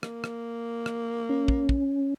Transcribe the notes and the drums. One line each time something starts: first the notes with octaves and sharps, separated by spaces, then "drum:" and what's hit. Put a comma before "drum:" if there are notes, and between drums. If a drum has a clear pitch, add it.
A#3, drum: rim click
drum: rim click
drum: rim click
C#4
drum: kick
drum: kick